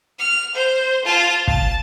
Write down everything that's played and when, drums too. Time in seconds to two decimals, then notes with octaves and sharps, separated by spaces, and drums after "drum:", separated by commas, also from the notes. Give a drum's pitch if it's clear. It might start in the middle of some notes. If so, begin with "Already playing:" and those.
0.19 F6
0.55 C5
1.05 F4 A5
1.48 A5, drum: kick